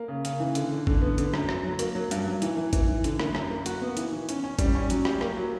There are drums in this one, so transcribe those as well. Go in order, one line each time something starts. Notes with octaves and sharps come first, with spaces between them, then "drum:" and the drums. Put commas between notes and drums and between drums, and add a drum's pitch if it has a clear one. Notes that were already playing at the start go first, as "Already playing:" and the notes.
Already playing: A#3
C#3
C#3, drum: hi-hat
E3
D3, drum: hi-hat
D3
D3, drum: kick
B3
D3, drum: hi-hat
F#2, drum: rim click
F#3, drum: rim click
F#3
A#3, drum: hi-hat
F#3
G2, drum: hi-hat
F#3
E3, drum: hi-hat
E3
E3, drum: kick, hi-hat
E3
D3, drum: hi-hat
A#3, drum: rim click
F#2, drum: rim click
A#3
F#4, drum: hi-hat
B3
E3, drum: hi-hat
E3
C#4, drum: hi-hat
C#4
G3, drum: kick, hi-hat
C#4
F#3, drum: hi-hat
G4, drum: rim click
A#3, drum: rim click
F#3